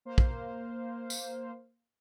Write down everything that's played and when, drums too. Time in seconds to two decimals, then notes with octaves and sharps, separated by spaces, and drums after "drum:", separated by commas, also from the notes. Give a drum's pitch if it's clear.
0.05 A#3 C5 F5
0.18 drum: kick
1.10 drum: tambourine